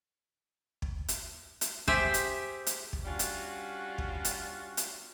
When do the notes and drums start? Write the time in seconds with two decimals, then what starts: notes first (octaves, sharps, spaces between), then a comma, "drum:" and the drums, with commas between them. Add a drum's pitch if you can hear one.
0.82 drum: kick
1.08 drum: hi-hat
1.61 drum: hi-hat
1.87 G4 G#4 C5 E5, drum: kick
2.14 drum: hi-hat
2.67 drum: hi-hat
2.93 drum: kick
3.05 G3 C#4 D4 F4 F#4
3.19 drum: hi-hat
3.98 drum: kick
4.25 drum: hi-hat
4.77 drum: hi-hat